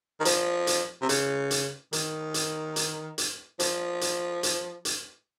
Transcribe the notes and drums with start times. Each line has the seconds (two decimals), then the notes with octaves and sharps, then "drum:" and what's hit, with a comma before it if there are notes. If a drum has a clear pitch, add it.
0.20 D#3
0.25 F3, drum: hi-hat
0.67 drum: hi-hat
1.02 C3
1.09 C#3, drum: hi-hat
1.51 drum: hi-hat
1.93 D#3, drum: hi-hat
2.34 drum: hi-hat
2.76 drum: hi-hat
3.18 drum: hi-hat
3.60 F3, drum: hi-hat
4.01 drum: hi-hat
4.43 drum: hi-hat
4.85 drum: hi-hat